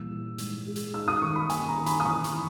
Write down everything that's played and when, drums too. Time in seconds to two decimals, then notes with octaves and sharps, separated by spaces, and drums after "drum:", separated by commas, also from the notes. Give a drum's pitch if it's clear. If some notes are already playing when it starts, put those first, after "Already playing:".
Already playing: A#2 E3 G3 E6
0.11 E3
0.38 G#2, drum: hi-hat
0.66 G#3
0.76 drum: hi-hat
0.94 D#4 E6
1.08 D#6
1.22 D#3 C#6
1.36 B5
1.50 A#3 G#5, drum: hi-hat
1.68 A#5
1.77 D#3
1.86 B5, drum: hi-hat
2.00 D#6
2.05 E3 C#6, drum: tom F#2
2.24 C#6, drum: hi-hat
2.33 E3